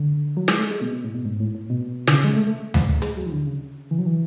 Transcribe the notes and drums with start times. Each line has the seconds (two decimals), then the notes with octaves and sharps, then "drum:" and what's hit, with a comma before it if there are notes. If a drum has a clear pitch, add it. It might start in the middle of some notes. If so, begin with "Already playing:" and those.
Already playing: D3
0.37 F#3
0.48 G#3, drum: snare
0.59 A3
0.70 G#3
0.81 B2
0.92 B2
1.04 A2
1.14 B2
1.25 G#2
1.40 A2
1.55 A2
1.70 B2
2.08 D3, drum: snare
2.14 C#3
2.24 G#3
2.36 A3
2.47 A3
2.74 drum: tom D2
3.02 G#3, drum: hi-hat
3.17 F#3
3.26 E3
3.32 D3
3.47 C#3
3.91 E3
3.99 F#3
4.06 E3